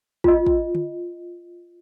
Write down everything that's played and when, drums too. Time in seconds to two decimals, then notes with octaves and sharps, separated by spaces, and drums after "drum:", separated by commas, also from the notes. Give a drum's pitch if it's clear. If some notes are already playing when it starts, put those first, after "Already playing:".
0.24 F4 D#5, drum: kick
0.46 drum: kick
0.75 drum: tom D3